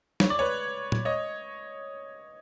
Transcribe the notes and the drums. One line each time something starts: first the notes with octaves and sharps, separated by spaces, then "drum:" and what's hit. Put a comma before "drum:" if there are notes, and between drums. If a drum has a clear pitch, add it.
C#5, drum: snare
D5
B4 C#5
drum: tom
C#5 D#5